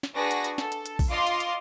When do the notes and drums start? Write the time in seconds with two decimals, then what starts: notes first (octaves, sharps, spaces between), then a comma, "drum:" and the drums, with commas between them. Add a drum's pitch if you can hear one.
0.03 drum: snare
0.13 D4 F#4 G#4 B4 A#6
0.31 drum: hi-hat
0.44 drum: hi-hat
0.58 A4, drum: snare
0.72 drum: hi-hat
0.86 drum: hi-hat
0.99 drum: kick A#1, open hi-hat
1.09 F4 D#5 F5 C6 D6
1.27 drum: hi-hat
1.40 drum: hi-hat